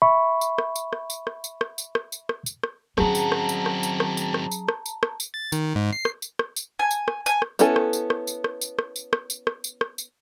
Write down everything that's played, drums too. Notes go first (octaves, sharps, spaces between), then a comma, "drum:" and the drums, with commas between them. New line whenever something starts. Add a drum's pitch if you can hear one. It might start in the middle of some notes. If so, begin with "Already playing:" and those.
E5 B5 C#6
drum: tambourine
drum: rim click
drum: tambourine
drum: rim click
drum: tambourine
drum: rim click
drum: tambourine
drum: rim click
drum: tambourine
drum: rim click
drum: tambourine
drum: rim click
drum: tambourine
drum: rim click
F#3 C4 C#4 F#4 G#4 A5 A#5, drum: rim click
drum: tambourine
drum: rim click
drum: tambourine
drum: rim click
drum: tambourine
drum: rim click
drum: tambourine
drum: rim click
drum: tambourine
drum: rim click
drum: tambourine
drum: rim click
drum: tambourine
A6
D#3, drum: tambourine
G#2
C7
drum: rim click
drum: tambourine
drum: rim click
drum: tambourine
G#5
drum: tambourine
drum: rim click
G#5, drum: tambourine
drum: rim click
B3 C#4 E4 A4 G#5, drum: tambourine
drum: rim click
drum: tambourine
drum: rim click
drum: tambourine
drum: rim click
drum: tambourine
drum: rim click
drum: tambourine
drum: rim click
drum: tambourine
drum: rim click
drum: tambourine
drum: rim click
drum: tambourine